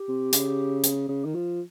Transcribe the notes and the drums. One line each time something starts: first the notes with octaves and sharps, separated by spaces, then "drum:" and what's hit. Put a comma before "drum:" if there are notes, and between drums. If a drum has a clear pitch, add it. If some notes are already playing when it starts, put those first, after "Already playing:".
Already playing: G4
C3
C#3, drum: hi-hat
drum: hi-hat
C#3
D#3
F3